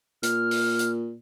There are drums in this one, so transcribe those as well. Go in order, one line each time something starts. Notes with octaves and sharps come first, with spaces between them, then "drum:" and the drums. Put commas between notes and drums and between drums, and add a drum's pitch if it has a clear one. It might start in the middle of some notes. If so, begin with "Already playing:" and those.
A#2 F6, drum: hi-hat
drum: open hi-hat
drum: hi-hat